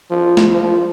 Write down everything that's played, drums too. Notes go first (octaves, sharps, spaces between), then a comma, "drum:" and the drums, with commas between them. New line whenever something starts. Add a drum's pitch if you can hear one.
F3
drum: snare
F3